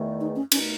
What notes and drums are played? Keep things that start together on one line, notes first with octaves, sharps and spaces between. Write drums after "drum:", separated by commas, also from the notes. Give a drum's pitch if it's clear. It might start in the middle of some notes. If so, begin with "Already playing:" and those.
Already playing: E2 D#3 A3
D#4
C#4
B2 A3 C#4 D#4, drum: cymbal